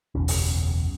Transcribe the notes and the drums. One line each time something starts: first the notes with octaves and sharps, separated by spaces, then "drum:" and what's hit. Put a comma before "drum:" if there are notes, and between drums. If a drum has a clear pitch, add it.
F#1 B1 E2 C#4
drum: open hi-hat